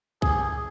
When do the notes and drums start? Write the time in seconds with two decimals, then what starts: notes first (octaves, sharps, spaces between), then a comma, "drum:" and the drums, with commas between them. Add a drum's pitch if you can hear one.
0.22 G#4, drum: kick B1